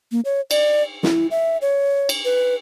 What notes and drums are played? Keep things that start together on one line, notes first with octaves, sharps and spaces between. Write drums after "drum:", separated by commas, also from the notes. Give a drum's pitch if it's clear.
A#3
C#5
D5, drum: cymbal
E4, drum: snare
E5
C#5
drum: cymbal
B4